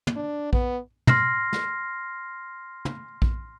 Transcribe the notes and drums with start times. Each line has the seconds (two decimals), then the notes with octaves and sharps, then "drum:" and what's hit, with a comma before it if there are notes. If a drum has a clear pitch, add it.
0.07 drum: tom
0.16 D4
0.53 B3, drum: kick A#1
1.07 C6 F6 A#6 C7, drum: tom
1.53 drum: snare
2.85 drum: tom
3.22 drum: kick A#1